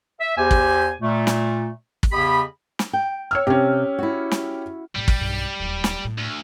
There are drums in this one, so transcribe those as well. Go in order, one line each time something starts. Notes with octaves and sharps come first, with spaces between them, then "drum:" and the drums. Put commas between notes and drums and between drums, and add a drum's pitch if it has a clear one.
E5
E2 G4 C5 G#5
drum: kick
A#2 A3
drum: snare
drum: kick
E2 C#3 G4 D#5 B5
drum: snare
G5
C#5 E6 F6
C3 C#4 G4
E4 F#4
drum: snare
A2 G3 C#4
drum: kick
B1 G2
D1 D#2
drum: snare
A2
D2